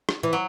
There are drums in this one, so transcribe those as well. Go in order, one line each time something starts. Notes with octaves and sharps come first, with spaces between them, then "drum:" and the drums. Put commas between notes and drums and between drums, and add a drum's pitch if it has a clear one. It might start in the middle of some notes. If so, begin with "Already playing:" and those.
drum: rim click
E3
F#3